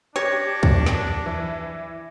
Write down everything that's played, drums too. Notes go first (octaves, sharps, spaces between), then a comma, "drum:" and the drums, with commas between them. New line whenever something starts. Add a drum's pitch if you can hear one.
D4 G4 C#5 D6 A#6 C#7
drum: kick C#2
drum: snare
E3